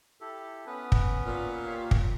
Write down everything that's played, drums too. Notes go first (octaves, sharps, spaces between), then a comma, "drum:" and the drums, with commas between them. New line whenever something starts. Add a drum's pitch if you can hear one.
E4 G4 A4
B3 C#4 B4
drum: kick
A#2
G4 C#5 F5
drum: kick